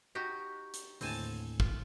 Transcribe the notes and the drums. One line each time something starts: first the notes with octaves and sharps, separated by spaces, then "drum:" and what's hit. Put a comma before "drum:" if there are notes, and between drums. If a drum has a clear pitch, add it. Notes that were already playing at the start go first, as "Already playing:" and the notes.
D#4 F#4 G4
drum: hi-hat
D#2 A2 D3 C4 G#5 A5, drum: open hi-hat
F4, drum: kick